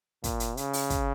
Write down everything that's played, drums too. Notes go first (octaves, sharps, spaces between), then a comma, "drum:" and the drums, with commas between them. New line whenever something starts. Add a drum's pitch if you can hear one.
A#2, drum: kick, hi-hat
drum: hi-hat
C#3, drum: hi-hat
drum: open hi-hat
drum: kick, hi-hat